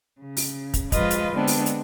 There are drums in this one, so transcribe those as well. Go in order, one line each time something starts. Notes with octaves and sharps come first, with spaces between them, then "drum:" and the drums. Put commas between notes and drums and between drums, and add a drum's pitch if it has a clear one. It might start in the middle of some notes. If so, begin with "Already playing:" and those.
C#3
drum: open hi-hat
drum: kick, hi-hat
F3 G#3 F4 B4 D#5, drum: kick, hi-hat
drum: hi-hat
D3 G#3 B3 C4 D4
drum: open hi-hat
drum: hi-hat